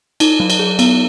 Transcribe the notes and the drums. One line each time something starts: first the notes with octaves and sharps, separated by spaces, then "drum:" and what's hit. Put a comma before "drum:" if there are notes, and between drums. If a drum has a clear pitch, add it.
D#4, drum: cymbal
F#3
drum: cymbal
G#4
B3, drum: cymbal